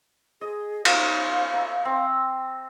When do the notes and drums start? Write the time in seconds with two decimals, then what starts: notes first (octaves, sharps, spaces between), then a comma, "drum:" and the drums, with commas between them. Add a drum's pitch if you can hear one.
0.41 G#4 D#5
0.85 D#4 F4 F5, drum: cymbal
1.54 E5 A#5
1.85 C4